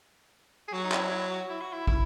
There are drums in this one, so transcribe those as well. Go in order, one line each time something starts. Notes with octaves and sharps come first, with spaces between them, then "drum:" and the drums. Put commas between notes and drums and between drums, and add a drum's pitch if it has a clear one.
G#4
F#3 F#4
D#4
E4, drum: clap
E4
F#4
E4
F#4
E4
E4, drum: kick